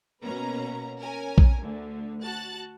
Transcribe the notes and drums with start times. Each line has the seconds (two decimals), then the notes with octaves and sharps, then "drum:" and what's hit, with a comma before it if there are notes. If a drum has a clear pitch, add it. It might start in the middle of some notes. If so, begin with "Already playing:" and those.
0.23 B2 A#3 C#4 B4 A#5
1.01 C#4 A#4 G#5
1.38 drum: kick A#1
1.61 D2 D3
2.23 F#4 A5 F#6 A6